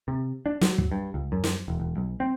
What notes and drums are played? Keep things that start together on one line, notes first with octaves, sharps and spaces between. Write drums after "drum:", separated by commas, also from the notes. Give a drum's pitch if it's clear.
C3
D4
F#3, drum: snare
drum: kick
G2
C#2
F#2
drum: snare
E1
E1
B1
C4